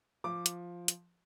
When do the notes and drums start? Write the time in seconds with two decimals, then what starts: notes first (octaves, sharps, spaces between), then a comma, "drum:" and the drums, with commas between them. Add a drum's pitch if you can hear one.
0.24 F3 D6
0.46 drum: hi-hat
0.88 drum: hi-hat